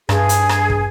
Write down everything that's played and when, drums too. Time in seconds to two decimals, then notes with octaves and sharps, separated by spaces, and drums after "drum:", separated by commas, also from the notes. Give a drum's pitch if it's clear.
0.09 G2 G#4, drum: rim click
0.29 drum: hi-hat
0.49 drum: rim click
0.70 drum: kick